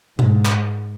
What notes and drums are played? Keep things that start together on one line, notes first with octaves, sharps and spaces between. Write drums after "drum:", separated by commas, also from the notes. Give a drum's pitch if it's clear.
G#2, drum: tom B2
drum: clap